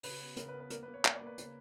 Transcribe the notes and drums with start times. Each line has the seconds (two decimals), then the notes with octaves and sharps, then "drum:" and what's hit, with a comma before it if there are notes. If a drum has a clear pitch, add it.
0.03 C#3 B4, drum: open hi-hat
0.21 B3
0.37 C#3 A#4, drum: hi-hat
0.49 B4
0.54 B3
0.60 B4
0.70 A#3 A#4, drum: hi-hat
0.83 B4
0.88 A#3
0.94 C#5
1.05 A#3 D5, drum: clap
1.16 D5
1.21 A#3
1.27 B4
1.38 C#3, drum: hi-hat